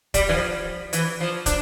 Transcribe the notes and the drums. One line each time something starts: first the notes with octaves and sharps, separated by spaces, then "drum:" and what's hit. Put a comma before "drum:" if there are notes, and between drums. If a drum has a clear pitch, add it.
G3, drum: kick, hi-hat
E3
F3
E3, drum: hi-hat
F3
D4, drum: kick, hi-hat